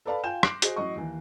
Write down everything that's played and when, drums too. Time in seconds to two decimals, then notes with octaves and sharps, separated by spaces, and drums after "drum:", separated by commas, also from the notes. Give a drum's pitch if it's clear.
0.05 A4 B4 D5 F5 A5 B5
0.24 F4 F5 G5 G#5 G6 E7
0.43 C6 D6 F#6 A#6 C7 D7, drum: rim click
0.62 F#4 G#4 C5 D#5, drum: hi-hat
0.76 A1 F#3 D#5 C#6
0.96 D#2 E3